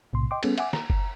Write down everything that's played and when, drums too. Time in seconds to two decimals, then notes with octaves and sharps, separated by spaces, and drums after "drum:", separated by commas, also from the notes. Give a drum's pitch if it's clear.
0.13 B1 A2 C3 C6
0.31 D#5 G5 C6 D6
0.43 G3 B3 C#4 G#4 A4, drum: cymbal
0.58 E5 F#5 G#5 D6, drum: cymbal
0.73 A#5, drum: snare
0.90 drum: kick F#1